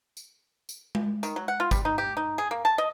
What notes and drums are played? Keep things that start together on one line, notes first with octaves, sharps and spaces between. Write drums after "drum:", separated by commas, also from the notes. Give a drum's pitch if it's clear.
drum: tambourine
drum: tambourine
drum: tom G#3
D#3, drum: tambourine
F#3
F#5
F4
G3, drum: kick, tambourine
D#4
G4
D#4
G#4
A#3
A5
D#5